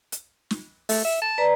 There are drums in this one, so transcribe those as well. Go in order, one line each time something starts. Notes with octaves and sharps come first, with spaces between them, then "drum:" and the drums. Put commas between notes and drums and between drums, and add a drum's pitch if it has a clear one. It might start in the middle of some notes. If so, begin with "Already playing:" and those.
drum: hi-hat
drum: snare
A3, drum: open hi-hat
E5
A5
B4 D5 A#5